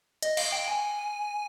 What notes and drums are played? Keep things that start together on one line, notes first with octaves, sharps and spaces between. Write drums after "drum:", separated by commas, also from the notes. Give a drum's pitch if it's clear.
D#5, drum: hi-hat
F5, drum: cymbal
G5
G#5